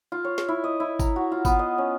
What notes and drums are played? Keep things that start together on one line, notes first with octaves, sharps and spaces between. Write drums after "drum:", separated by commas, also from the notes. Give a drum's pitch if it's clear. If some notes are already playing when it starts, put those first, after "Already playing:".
F4
C#5
drum: snare
E4
D#5
E4
A#5, drum: kick G#1, tambourine
F#4
F4
B3, drum: kick G#1, tambourine
D#5
C#4